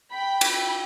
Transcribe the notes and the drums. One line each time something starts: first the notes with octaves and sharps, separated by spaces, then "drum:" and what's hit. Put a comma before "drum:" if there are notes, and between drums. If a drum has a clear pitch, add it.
G5 B5
drum: cymbal